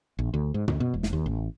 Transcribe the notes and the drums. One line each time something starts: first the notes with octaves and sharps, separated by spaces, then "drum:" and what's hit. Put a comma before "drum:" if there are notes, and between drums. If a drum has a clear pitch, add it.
A#1
D2
G#2
D2, drum: tom
B2
E1
drum: snare
D#2
A1